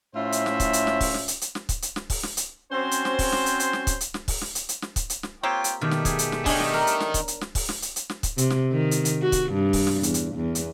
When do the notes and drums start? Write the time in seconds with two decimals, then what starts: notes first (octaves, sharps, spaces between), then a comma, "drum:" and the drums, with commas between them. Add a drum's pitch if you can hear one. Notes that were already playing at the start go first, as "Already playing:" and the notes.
0.15 A2 C#4 F4 C5 E5
0.32 drum: hi-hat
0.46 drum: snare
0.60 drum: kick C#1, hi-hat
0.73 drum: hi-hat
0.87 drum: snare
1.01 drum: kick C#1, open hi-hat
1.14 drum: snare
1.28 drum: hi-hat
1.41 drum: hi-hat
1.55 drum: snare
1.69 drum: kick C#1, hi-hat
1.82 drum: hi-hat
1.96 drum: snare
2.10 drum: kick C#1, open hi-hat
2.23 drum: snare
2.37 drum: hi-hat
2.72 F#3 C4 C#4 C5
2.91 drum: hi-hat
3.05 drum: snare
3.19 drum: kick C#1, open hi-hat
3.32 drum: snare
3.46 drum: hi-hat
3.60 drum: hi-hat
3.73 drum: snare
3.87 drum: kick C#1, hi-hat
4.01 drum: hi-hat
4.14 drum: snare
4.28 drum: kick C#1, open hi-hat
4.41 drum: snare
4.55 drum: hi-hat
4.69 drum: hi-hat
4.82 drum: snare
4.96 drum: kick C#1, hi-hat
5.10 drum: hi-hat
5.23 drum: snare
5.43 A#3 C4 F4 G4 C#5 G5
5.64 drum: hi-hat
5.81 B2 D#3 G3 A3
5.91 drum: snare
6.05 G#4, drum: kick C#1, hi-hat
6.19 drum: hi-hat
6.32 drum: snare
6.46 D#3 D4 G#4 C#5 D#5, drum: kick C#1, open hi-hat
6.60 drum: snare
6.74 A#4
6.87 drum: hi-hat
7.00 drum: snare
7.14 drum: kick C#1, hi-hat
7.28 drum: hi-hat
7.41 drum: snare
7.55 drum: kick C#1, open hi-hat
7.69 drum: snare
7.82 drum: hi-hat
7.96 drum: hi-hat
8.10 drum: snare
8.23 drum: kick C#1, hi-hat
8.38 C3, drum: hi-hat
8.50 drum: snare
8.72 D#3
8.91 drum: hi-hat
9.05 drum: hi-hat
9.23 F#4
9.32 drum: kick C#1, hi-hat
9.53 G2
9.73 drum: kick C#1, open hi-hat
9.87 drum: snare
10.03 E2, drum: hi-hat
10.14 drum: hi-hat
10.36 E2
10.55 drum: hi-hat